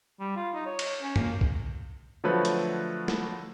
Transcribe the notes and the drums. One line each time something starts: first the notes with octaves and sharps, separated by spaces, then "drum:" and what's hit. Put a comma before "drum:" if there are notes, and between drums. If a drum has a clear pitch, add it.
G3
F4
D#4
C#5
drum: cymbal
C#4
A#3, drum: tom F#2
drum: kick
D3 F3 F#3 A3 B4 C#5
drum: hi-hat
drum: snare